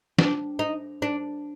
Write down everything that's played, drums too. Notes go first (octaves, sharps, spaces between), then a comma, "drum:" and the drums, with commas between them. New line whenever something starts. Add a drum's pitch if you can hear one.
D4, drum: snare
D#4
D4